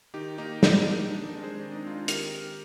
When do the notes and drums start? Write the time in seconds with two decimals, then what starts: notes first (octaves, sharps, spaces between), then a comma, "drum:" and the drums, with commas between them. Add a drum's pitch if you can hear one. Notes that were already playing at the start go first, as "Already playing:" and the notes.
0.14 D#3 D#4 G4
0.38 A#3 D#4 G4
0.63 D#3, drum: snare
0.87 A#3 D#4
1.11 D#3 D4
1.28 D#4
1.35 G#3 C4
1.43 G#4 C5
1.60 D#3 D4
1.71 D4
1.76 D#4
1.84 G#3 C4 F4
1.91 D#4
2.08 D#3 G4 A#4, drum: hi-hat